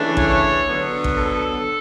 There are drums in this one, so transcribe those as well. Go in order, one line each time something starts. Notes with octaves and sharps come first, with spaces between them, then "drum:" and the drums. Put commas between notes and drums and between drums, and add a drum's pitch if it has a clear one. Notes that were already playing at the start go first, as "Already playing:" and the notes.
Already playing: C#3 E3 A3 D4
C#5, drum: kick A1
D3 F#3 B3
drum: kick A1
A4